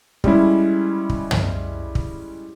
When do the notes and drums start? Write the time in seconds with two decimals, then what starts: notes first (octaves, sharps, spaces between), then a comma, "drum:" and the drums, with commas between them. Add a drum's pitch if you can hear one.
0.24 G3 G#3 C#4 E4, drum: kick
1.09 drum: kick
1.31 drum: tom
1.95 drum: kick